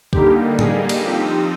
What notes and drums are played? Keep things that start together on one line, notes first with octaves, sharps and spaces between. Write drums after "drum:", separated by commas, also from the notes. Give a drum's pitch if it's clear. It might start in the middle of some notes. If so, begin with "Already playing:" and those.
D3 G3 A#3 D#4 G4, drum: kick
G#4, drum: tom
drum: cymbal
F3 C4 D#4 G4